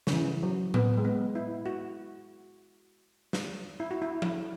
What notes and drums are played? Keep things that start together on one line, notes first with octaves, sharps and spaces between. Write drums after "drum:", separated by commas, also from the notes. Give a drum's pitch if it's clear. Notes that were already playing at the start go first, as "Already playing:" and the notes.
C#3, drum: snare
E3
F#3
B3, drum: tom A2
G#3
B3
E4
F#4
drum: snare
E4
F#4
E4
drum: tom F3